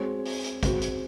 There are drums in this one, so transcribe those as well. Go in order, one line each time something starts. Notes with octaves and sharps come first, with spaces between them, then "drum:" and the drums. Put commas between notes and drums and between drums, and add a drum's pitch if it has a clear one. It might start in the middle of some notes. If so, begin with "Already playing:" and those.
Already playing: G#3 C4 F#4 C#5
drum: open hi-hat
drum: hi-hat
G#3 C4 F#4, drum: kick, hi-hat
drum: hi-hat